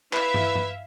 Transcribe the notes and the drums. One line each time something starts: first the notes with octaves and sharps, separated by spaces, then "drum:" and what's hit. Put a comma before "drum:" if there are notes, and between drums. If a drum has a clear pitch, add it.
E4 B4 E5 F5, drum: clap
drum: tom
drum: tom G2